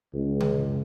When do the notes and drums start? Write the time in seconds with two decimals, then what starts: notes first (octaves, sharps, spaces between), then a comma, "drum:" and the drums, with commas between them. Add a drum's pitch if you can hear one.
0.13 C#2
0.40 drum: tom C#3